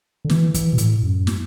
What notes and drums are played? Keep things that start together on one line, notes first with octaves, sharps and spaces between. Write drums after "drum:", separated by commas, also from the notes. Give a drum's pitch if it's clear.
D3
E3, drum: snare
E3, drum: kick, hi-hat
B2
A2, drum: hi-hat
F#2
drum: snare